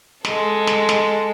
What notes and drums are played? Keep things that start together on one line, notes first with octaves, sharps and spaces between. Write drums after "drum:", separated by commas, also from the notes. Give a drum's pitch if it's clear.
G#3 A4, drum: snare
drum: snare
drum: snare